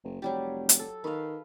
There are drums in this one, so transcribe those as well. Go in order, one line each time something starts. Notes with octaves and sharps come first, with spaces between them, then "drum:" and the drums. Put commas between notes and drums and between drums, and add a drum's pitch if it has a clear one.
F#1
F1 F#3 G3 G4
drum: hi-hat
A4
D#3 B4 F5